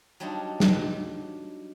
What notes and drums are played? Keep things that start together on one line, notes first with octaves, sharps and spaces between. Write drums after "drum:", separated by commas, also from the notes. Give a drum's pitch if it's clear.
F#3 G3 D4 D#4 F4 F#4
drum: snare